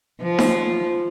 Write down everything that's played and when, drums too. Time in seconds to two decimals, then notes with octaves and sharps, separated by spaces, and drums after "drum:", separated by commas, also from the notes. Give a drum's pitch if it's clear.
0.22 F3
0.39 drum: snare D#4